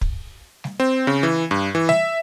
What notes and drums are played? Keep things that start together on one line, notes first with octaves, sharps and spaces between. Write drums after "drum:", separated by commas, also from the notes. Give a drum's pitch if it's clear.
drum: kick
drum: snare G3
C4
C#3
E3
G2
E3
E5, drum: snare G3